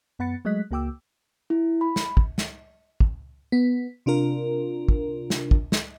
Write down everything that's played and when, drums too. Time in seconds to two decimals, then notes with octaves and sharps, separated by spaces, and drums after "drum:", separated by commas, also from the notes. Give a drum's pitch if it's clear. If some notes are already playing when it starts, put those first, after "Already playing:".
0.19 F#2 B3 F#5 B5 A6 C#7
0.45 F#3 G#3 A3 D#5 F#6 B6
0.71 C#2 A#3 F#4 G5 D6 E6
1.50 E4
1.81 B5
1.96 drum: snare
2.17 drum: kick
2.38 drum: snare
3.00 drum: kick
3.52 B3
4.06 C3 D4 F4 A#4
4.89 drum: kick
5.30 drum: snare
5.51 drum: kick
5.72 drum: snare